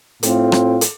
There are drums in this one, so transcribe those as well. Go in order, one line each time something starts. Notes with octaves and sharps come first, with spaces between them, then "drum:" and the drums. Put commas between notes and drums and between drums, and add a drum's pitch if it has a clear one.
A2 A3 C4 F4, drum: hi-hat
drum: rim click
drum: hi-hat